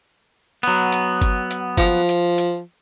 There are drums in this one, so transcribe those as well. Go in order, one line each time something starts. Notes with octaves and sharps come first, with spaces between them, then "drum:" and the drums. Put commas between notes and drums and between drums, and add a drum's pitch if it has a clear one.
F#3 B3, drum: hi-hat
drum: hi-hat
drum: kick G1, hi-hat
drum: hi-hat
F3, drum: kick G1, hi-hat
drum: hi-hat
drum: hi-hat